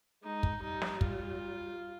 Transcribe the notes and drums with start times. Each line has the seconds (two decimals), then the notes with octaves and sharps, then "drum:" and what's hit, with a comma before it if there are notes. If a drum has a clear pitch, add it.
0.23 G#3 D#4
0.43 drum: kick
0.62 G3 D#4
0.82 drum: snare
1.01 F4, drum: kick